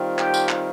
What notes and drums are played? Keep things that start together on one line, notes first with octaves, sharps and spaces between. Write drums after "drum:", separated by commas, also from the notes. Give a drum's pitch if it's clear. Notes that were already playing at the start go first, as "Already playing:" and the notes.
Already playing: D#3 G3 C4 F4
G4 G5, drum: clap
drum: tambourine
drum: clap